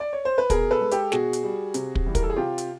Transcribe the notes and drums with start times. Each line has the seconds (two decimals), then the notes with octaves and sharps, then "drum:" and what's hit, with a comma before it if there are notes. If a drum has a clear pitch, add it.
0.00 D5
0.13 C#5
0.25 C5
0.38 B4
0.50 B2 G#4 A#4, drum: kick, hi-hat
0.71 A4 B4
0.81 G#3
0.91 G4 A4, drum: hi-hat
1.12 B2 F#4 G#4, drum: snare
1.33 drum: hi-hat
1.43 G3
1.74 C3, drum: hi-hat
1.95 drum: kick
2.06 E3 G3
2.15 A#4, drum: kick, hi-hat
2.23 A4
2.30 G#4
2.36 C3 F4 G4
2.58 drum: hi-hat